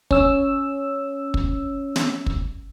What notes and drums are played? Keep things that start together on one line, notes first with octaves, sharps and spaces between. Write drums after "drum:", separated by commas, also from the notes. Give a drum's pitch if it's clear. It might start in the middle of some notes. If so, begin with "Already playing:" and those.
C#4 C#5 E6, drum: kick
drum: kick
drum: snare
drum: kick